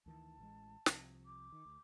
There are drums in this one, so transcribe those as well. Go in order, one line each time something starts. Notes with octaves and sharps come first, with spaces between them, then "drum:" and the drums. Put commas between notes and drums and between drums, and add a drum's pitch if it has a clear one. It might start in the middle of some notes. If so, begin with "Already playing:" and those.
D2 D#3 E3 A5
A1 E3 G#3
C2 C3 F3, drum: snare
D6
D#3
D2